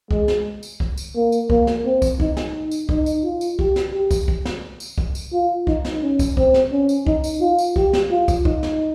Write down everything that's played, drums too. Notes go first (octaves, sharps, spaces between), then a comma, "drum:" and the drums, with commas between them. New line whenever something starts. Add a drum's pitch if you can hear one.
G#3, drum: kick
drum: snare
drum: tambourine
drum: kick
drum: tambourine
A#3
drum: tambourine
A#3, drum: kick
drum: snare
C4
drum: kick, tambourine
D#4, drum: kick
drum: snare
drum: tambourine
D#4, drum: kick
drum: tambourine
F4
drum: tambourine
G4, drum: kick
drum: snare
G4
drum: kick, tambourine
drum: kick
drum: snare
drum: tambourine
drum: kick
drum: tambourine
F4
D#4, drum: kick
drum: snare
C#4
drum: kick, tambourine
C4, drum: kick
drum: snare
C#4
drum: tambourine
D#4, drum: kick
drum: tambourine
F4
drum: tambourine
G4, drum: kick
drum: snare
F4
drum: kick, tambourine
D#4, drum: kick
drum: snare